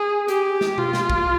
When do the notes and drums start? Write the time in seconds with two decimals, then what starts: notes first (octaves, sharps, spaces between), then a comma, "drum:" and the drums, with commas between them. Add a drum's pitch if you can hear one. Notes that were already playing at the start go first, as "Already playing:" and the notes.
Already playing: G#4
0.28 G4, drum: hi-hat
0.61 drum: snare
0.78 F4, drum: tom B2
0.93 drum: snare
1.10 drum: kick